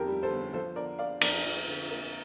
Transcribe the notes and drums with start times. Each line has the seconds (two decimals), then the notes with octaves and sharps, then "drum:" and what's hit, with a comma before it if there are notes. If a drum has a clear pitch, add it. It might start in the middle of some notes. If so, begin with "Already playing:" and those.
Already playing: G1 F2 D#3 G4 A4 A#4
0.08 G3
0.23 A4 C5
0.30 G1
0.53 F3 A4 C5
0.76 D3 A#4 D5
0.99 A#3 D5 F5
1.21 F2 A#4 D5, drum: cymbal
1.45 F3
1.67 D3
1.90 A#3